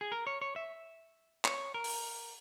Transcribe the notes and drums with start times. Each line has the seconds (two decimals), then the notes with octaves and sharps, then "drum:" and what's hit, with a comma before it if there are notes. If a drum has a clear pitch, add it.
0.01 G#4
0.12 A#4
0.27 C#5
0.41 C#5
0.56 E5
1.45 C#5, drum: clap
1.74 A#4
1.84 drum: open hi-hat